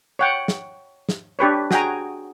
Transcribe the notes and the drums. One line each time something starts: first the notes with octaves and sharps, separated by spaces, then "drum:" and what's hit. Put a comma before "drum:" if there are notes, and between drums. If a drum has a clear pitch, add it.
C#5 F#5 G5
drum: snare
drum: snare
D4 G4 B4 C#5
F#4 G#4 G5 G#5 A#5, drum: snare